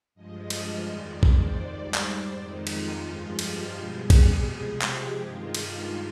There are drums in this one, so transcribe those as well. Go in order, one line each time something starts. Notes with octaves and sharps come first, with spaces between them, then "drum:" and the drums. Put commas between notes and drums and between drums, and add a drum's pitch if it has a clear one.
G2 F3 G#3 D#5
drum: cymbal
F2 D#3 G#3 D5
C5, drum: kick
G#2 G3 D5
C5, drum: clap
F2 D#3 G#3 D#4
F4, drum: cymbal
G2 F3 G#3 F4
G4, drum: cymbal
B2 G3 G#4
drum: kick, cymbal
C3 F3 G#3 G#4
G4, drum: clap
G2 D#3 G#3 F4
F4, drum: cymbal